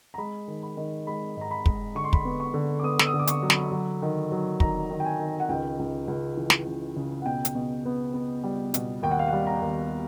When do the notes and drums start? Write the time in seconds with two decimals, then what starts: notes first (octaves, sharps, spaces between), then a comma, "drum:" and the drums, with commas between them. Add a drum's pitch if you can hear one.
0.14 A#5
0.18 G#3 B5
0.48 D#3
0.63 B5
0.77 D#3
1.07 G#3 B5
1.37 G#2 A#5
1.51 B5
1.66 G#3, drum: kick
1.95 D3 C#6
2.04 C6
2.13 B5, drum: kick
2.21 B3 C6
2.40 C#6
2.54 D3
2.79 D6
2.83 B3 D#6
2.99 E6, drum: snare
3.06 D#6
3.14 D3
3.19 D6
3.27 C#6, drum: hi-hat
3.42 F#3
3.50 B5, drum: snare
3.72 F#3
4.02 D#3
4.32 F#3
4.60 D#3 A#5, drum: kick
4.91 D#3
5.00 G5
5.05 G#5
5.19 D#3
5.40 F#5
5.49 C#2 G5
5.79 C#2
6.08 C#2
6.37 E3
6.50 drum: snare
6.66 C#2
6.96 C#3
7.22 F#5
7.26 B2 G5
7.45 drum: hi-hat
7.55 B2
7.86 B3
8.14 B3
8.43 G3
8.74 B2, drum: hi-hat
9.03 D#2 G5
9.11 F#5
9.19 F5
9.28 G3 F#5
9.47 A#5
9.62 D#2